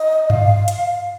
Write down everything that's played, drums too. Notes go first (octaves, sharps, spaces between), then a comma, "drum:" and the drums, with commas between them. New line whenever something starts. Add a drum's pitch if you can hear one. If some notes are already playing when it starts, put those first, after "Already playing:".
Already playing: D#5
F5, drum: tom G2
drum: hi-hat